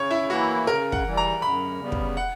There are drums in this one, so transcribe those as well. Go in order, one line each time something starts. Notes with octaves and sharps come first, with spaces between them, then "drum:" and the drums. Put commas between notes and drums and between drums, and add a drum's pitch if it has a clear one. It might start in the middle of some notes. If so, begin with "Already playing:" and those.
Already playing: C#3 C#5
E4
E3 A#3 E4 F#4
C#3 A#4
F#5, drum: kick
E3 G3
A#5
F#2 B5
C#3 G3 B3
drum: kick
F#5